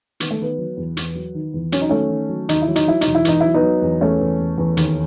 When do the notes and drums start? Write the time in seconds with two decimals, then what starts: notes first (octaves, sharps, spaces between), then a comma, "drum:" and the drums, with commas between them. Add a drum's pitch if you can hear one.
0.20 D#3 B3, drum: hi-hat
0.31 A3
0.39 D#3 B3
0.58 F#3
0.77 E2
0.97 E2, drum: hi-hat
1.15 F#3
1.35 D#3
1.54 E2
1.72 F#3 C#4, drum: hi-hat
1.82 D#4
1.89 D#3 A3 C#4
2.10 D#3
2.29 F#3
2.49 D#2 D#4, drum: hi-hat
2.62 E4
2.68 F#3
2.76 D#4, drum: hi-hat
2.87 F#3 E4
3.01 D#4, drum: hi-hat
3.06 E1
3.15 E4
3.25 E2 D#4, drum: hi-hat
3.41 F#3 E4
3.54 B3 D#4
3.63 F#3
3.82 E2
4.01 E2 A3 C#4
4.20 E2
4.39 E2
4.58 E2
4.77 D#2, drum: hi-hat